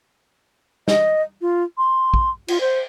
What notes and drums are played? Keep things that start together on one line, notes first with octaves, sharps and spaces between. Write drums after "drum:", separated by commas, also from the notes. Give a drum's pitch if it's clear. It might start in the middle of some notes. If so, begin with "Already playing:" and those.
D#5, drum: snare
F4
C6
drum: kick
F4, drum: cymbal
C5